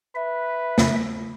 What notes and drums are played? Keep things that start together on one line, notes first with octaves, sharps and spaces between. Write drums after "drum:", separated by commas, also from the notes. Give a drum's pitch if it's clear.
B4 E5
F2 C#3, drum: snare